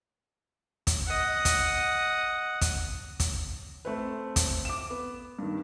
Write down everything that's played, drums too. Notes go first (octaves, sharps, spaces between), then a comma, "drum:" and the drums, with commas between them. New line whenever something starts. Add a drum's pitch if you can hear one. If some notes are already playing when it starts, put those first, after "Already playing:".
drum: kick, hi-hat
D#5 F#5
drum: kick, hi-hat
drum: kick, hi-hat
drum: kick, hi-hat
A3 C4 B4
drum: kick, hi-hat
D6 E7
B3
G2 D#3